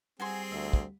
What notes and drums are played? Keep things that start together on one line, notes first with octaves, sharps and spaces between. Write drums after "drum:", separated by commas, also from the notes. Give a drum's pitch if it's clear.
G3 C4 F#4 G#4 G#5 C6
D2 E5
drum: kick